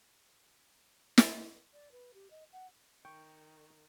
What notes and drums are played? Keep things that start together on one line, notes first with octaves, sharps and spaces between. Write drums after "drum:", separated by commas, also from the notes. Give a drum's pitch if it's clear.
drum: snare
D5
B4
G4
D#5
F#5
D#3 G5 C#6